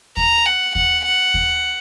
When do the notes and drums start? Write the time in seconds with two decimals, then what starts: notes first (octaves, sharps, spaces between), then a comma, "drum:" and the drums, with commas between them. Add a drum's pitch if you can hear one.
0.17 A#5, drum: kick D#2
0.46 F#5
0.75 F#5, drum: kick D#2
1.05 F#5
1.34 drum: kick D#2